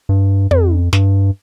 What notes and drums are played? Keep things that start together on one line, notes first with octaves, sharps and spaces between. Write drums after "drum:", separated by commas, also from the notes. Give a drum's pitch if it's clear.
G2
F2, drum: tom
G2, drum: snare